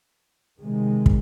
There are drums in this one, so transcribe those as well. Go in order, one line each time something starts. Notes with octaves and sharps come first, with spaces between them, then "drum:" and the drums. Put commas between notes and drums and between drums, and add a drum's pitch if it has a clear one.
C3 D#3 G#3
drum: kick